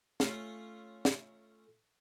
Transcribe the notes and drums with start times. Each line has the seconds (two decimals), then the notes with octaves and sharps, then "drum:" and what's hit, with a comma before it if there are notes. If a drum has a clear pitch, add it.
0.20 A3 C#4 F4, drum: snare
1.05 drum: snare